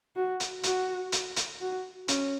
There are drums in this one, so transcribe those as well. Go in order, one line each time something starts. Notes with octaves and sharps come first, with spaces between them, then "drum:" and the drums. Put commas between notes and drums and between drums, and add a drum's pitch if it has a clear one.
F#4
drum: hi-hat
F#4, drum: hi-hat
drum: hi-hat
drum: hi-hat
F#4
C#4, drum: hi-hat